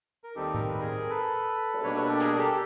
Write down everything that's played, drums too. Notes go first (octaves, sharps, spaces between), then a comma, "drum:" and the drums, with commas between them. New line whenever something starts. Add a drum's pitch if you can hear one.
A#4
D#2 D#3 G3 C4 D#4 G4 A4
A#4, drum: tom A2
B4
G#4 A#4
A4 B4
drum: cymbal
B2 G3 A#3 D4 B4 C#5
A4 B4
G4 A4
G#4 A#4, drum: hi-hat
G4 A4